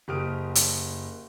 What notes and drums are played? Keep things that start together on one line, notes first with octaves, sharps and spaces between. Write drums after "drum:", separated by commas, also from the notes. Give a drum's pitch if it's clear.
F#1 G4 D#6 F6 D7
drum: hi-hat